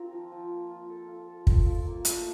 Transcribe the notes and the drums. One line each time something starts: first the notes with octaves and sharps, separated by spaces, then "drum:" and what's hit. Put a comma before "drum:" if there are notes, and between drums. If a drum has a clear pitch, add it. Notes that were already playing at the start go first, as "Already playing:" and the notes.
Already playing: C4 F4 A#4
F3
F3
A#3
F4
A4
F4
A4
A4, drum: kick
F4
A#3
A3, drum: hi-hat